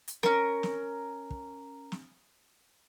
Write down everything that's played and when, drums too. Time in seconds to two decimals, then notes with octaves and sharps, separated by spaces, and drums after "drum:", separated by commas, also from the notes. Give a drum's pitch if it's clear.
0.08 drum: hi-hat
0.23 C#4 A#4, drum: snare
0.63 drum: snare
1.31 drum: kick
1.92 drum: snare